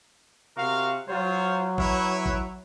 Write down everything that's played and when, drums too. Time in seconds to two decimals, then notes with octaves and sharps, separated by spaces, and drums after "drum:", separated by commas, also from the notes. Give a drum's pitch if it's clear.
0.57 C3 F#4 A#4 F5
1.09 F#3 F4 C5 C#5
1.78 E4 B4 C#5, drum: kick A1
2.26 drum: kick A1